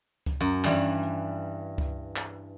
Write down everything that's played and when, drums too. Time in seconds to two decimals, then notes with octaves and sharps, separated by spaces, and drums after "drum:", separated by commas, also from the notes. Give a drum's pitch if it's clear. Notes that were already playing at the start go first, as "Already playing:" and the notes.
0.26 drum: kick C#2, hi-hat
0.41 F#2
0.64 G2 E3 G3, drum: clap
1.02 drum: hi-hat
1.78 drum: kick C#2
2.16 drum: clap